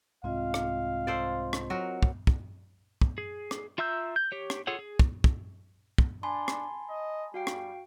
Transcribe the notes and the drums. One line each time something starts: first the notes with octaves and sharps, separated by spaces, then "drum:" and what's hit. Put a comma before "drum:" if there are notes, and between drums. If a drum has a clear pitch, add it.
C2 G#2 C4 F4 D#5 F5
drum: rim click
A4 C5 D5
drum: rim click
F#3 F#4 A#4
drum: kick
drum: kick
drum: kick
G#4
drum: rim click
F4 E5 A#5 E6 G6
G6
G4 C#5
drum: rim click
F4 G#4 A4 C#5 F#5
G#4
drum: kick
drum: kick
drum: kick
D4 G#5 A5 B5 C6
drum: rim click
D#5
G3 F#4 F5 G5
drum: rim click